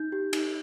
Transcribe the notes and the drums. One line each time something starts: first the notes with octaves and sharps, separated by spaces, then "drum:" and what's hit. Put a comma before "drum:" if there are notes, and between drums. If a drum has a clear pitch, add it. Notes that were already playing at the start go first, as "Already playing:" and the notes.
Already playing: D#4 G6
G4
D#4, drum: cymbal